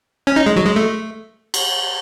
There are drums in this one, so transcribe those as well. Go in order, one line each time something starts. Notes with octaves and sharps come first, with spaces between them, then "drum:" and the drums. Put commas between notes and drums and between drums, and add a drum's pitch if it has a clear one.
C#4
D#4
G#3
F#3
G#3
A3
drum: cymbal